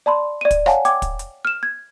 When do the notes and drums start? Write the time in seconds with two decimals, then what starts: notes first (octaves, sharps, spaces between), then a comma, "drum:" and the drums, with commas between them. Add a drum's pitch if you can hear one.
0.06 D5 A5 B5 C6
0.41 D5 D#7
0.51 drum: kick, hi-hat
0.66 C#5 F5 F#5 G#5 A5, drum: rim click
0.85 G5 D6 G#6, drum: hi-hat
1.02 drum: kick, hi-hat
1.19 drum: hi-hat
1.45 F6 E7
1.63 G#6